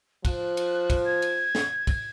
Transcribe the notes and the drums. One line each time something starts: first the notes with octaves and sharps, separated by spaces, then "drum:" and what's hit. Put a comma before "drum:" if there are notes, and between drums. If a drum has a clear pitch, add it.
F3 F#6, drum: kick, cymbal
drum: cymbal
drum: kick, cymbal
G#6
drum: cymbal
drum: snare
drum: kick, cymbal